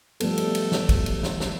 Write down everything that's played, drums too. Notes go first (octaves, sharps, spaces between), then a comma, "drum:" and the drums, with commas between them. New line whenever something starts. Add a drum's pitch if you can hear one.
F3 G3 A3 B3 A4, drum: cymbal
drum: cymbal
drum: cymbal
drum: snare
drum: kick, cymbal
drum: cymbal
drum: snare
drum: snare